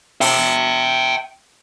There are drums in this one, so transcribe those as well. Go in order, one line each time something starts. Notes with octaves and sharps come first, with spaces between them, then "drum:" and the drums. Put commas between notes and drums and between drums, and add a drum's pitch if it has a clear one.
E5 G5, drum: open hi-hat